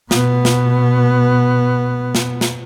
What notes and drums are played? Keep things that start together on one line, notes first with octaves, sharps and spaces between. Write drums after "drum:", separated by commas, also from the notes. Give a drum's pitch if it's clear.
B2 B3, drum: snare
drum: snare
drum: snare
drum: snare